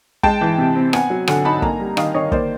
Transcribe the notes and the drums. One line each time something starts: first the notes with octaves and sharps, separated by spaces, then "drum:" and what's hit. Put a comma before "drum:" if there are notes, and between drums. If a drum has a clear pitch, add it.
G#3 G5 A5, drum: kick
E3
C3
C4
B3 F#5 G#5, drum: rim click
F#3
D3 F#5 G#5, drum: rim click
D#4 A5 B5
A#3 G#5 A#5, drum: kick
G3
D#3 D#5 F5, drum: rim click
D#3 C#5 D#5
A#3 C5 D5, drum: kick